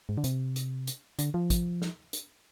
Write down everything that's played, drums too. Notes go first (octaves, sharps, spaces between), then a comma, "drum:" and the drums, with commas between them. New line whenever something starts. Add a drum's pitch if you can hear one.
G#2
D3
C3, drum: hi-hat
drum: hi-hat
drum: hi-hat
D3, drum: hi-hat
F3
drum: kick, hi-hat
drum: snare
drum: hi-hat